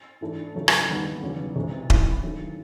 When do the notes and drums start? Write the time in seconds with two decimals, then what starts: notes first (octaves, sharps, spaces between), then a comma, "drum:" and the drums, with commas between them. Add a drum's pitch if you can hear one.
0.21 G#2 E3 A3 D4
0.55 E2 C#3 F#3 A3
0.68 drum: rim click
0.88 D#2 D3 G3 B3 D#4
1.22 E2 C#3 F#3
1.56 C2 B2 G#3 C4
1.90 E3 G#3 C#4 E4, drum: kick D#1
2.23 G2 D#3 F#3 A3